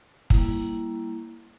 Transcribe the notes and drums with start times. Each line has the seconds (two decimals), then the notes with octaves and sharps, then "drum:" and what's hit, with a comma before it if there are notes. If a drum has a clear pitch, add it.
0.30 G3 A#3 E4, drum: kick